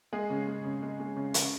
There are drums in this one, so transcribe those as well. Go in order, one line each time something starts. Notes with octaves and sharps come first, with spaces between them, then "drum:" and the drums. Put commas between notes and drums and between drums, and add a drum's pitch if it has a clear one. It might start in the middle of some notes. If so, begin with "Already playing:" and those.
G#3 G#4
C#3
G#3
C#3
G#3
G#3
C#3
C#3, drum: hi-hat